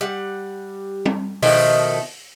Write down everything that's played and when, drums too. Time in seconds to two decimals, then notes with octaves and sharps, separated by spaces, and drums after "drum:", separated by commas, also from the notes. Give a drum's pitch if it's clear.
0.01 G3 F#5
1.06 drum: tom
1.42 B2 D#3 F3 A3, drum: open hi-hat